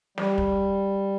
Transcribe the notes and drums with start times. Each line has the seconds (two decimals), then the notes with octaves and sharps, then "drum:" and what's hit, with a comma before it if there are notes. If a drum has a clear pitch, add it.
0.18 G3, drum: snare
0.38 drum: kick